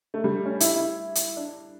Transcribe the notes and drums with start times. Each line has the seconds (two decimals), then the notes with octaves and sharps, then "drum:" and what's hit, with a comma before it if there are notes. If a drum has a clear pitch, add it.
0.14 A3
0.24 G3
0.35 A3
0.45 C#4
0.60 E4, drum: hi-hat
0.76 E4
1.15 drum: hi-hat
1.37 D4